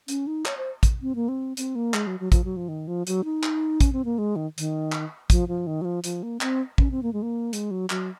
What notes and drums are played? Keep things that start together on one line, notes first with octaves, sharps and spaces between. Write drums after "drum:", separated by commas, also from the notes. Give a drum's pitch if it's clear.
C#4, drum: hi-hat
D#4
C#5, drum: clap
C5
drum: kick, hi-hat
C4
A#3
C4
C4, drum: hi-hat
A#3
G#3, drum: clap
F#3
F#3
F3, drum: kick, hi-hat
F#3
F3
D#3
F3
F#3, drum: hi-hat
D#4
drum: clap
C#4, drum: kick, hi-hat
C4
A#3
G#3
D#3
D#3, drum: hi-hat
drum: clap
F3, drum: kick, hi-hat
F3
D#3
F#3
F3
F3, drum: hi-hat
A#3
C4, drum: clap
C#4, drum: kick
C4
A#3
G#3
A#3
G#3, drum: hi-hat
F#3
F#3, drum: clap